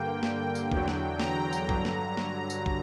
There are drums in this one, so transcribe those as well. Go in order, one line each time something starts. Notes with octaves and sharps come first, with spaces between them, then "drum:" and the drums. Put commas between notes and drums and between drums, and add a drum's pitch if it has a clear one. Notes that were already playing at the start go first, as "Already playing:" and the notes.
Already playing: G2 D3 A#3 G5
drum: snare
drum: tambourine
E2 D3 F#3, drum: kick
drum: snare
A#5, drum: snare
drum: tambourine
G2 D3 F#3, drum: kick
drum: snare
drum: snare
drum: tambourine
drum: kick